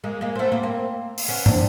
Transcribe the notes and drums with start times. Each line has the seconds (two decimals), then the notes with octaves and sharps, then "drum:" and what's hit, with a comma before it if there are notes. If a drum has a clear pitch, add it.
0.04 G#3 A#3
0.21 G#3 A#3
0.36 C4
0.39 A3 B3
0.52 A#3 C4
0.63 A#3 C4
1.18 drum: open hi-hat
1.28 B3 C#4
1.46 C4 D4, drum: tom